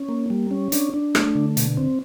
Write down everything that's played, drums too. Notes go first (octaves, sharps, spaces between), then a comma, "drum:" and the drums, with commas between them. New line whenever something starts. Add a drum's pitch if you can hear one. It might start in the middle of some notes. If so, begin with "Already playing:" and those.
Already playing: C#4
A#3
G3
C#4
D4, drum: hi-hat
D4
A3, drum: rim click
D3
B2, drum: hi-hat
C4